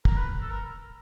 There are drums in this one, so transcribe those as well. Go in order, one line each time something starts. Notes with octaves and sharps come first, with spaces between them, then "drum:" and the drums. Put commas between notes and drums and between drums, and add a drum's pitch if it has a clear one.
A#4, drum: kick
B4
A4
A#4